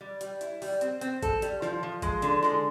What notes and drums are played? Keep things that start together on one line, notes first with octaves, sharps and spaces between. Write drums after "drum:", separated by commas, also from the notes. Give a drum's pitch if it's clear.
G3
G3, drum: hi-hat
E4, drum: hi-hat
G3, drum: open hi-hat
C4, drum: hi-hat
C4, drum: hi-hat
A4, drum: kick G#1, hi-hat
G3, drum: hi-hat
F3, drum: snare
F3
G#3, drum: kick G#1, hi-hat
D3, drum: hi-hat
G#3, drum: snare